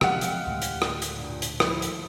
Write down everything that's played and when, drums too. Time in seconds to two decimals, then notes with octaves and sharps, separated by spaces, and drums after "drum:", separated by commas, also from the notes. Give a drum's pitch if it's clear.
0.01 C3 F3 F#3 G#3 G4 F5 F#5, drum: rim click
0.21 drum: hi-hat
0.46 D2 A2 D#3
0.62 drum: hi-hat
0.82 drum: rim click
1.02 drum: hi-hat
1.14 G2 A#2
1.42 drum: hi-hat
1.60 F3 E4, drum: rim click
1.82 drum: hi-hat